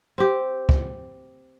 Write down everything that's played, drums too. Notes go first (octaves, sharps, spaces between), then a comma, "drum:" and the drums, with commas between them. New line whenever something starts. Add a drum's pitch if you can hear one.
C4 G4
drum: kick